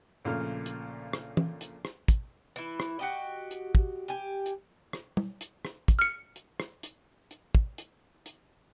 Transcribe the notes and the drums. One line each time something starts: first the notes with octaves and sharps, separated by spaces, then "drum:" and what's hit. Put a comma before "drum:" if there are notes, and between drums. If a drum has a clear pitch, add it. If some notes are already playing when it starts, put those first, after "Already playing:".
A#1 A#2 C#3 A3 F6
drum: hi-hat
drum: rim click
drum: tom
drum: hi-hat
drum: rim click
drum: kick, hi-hat
E3 E4
drum: rim click
F#4 G4 D#5
drum: hi-hat
drum: kick
G4 G#5
drum: hi-hat
drum: rim click
drum: tom
drum: hi-hat
drum: rim click
drum: kick, hi-hat
F6 C#7
drum: hi-hat
drum: rim click
drum: hi-hat
drum: hi-hat
drum: kick
drum: hi-hat
drum: hi-hat